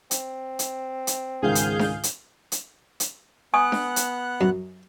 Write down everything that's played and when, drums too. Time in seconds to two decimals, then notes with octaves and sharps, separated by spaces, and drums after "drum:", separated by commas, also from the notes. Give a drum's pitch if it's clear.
0.11 C4, drum: hi-hat
0.59 drum: hi-hat
1.07 drum: hi-hat
1.42 C#2 G#2 D#3 G#4 F5 G6
1.55 drum: hi-hat
1.79 drum: snare D4
2.03 drum: hi-hat
2.52 drum: hi-hat
3.00 drum: hi-hat
3.54 B3 F#5 G#5 D#6 F#6
3.72 drum: snare D4
3.96 drum: hi-hat
4.41 F#2